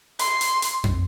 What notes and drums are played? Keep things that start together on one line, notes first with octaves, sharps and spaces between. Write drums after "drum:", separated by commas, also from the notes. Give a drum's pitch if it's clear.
C6, drum: hi-hat
drum: hi-hat
drum: hi-hat
drum: tom F2